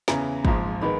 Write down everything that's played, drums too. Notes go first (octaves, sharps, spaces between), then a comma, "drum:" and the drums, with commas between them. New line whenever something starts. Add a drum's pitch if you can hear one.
E2 C#3 E3 A#5, drum: snare
A#1 G#2 F3, drum: kick
D#3 G#3 B3 B5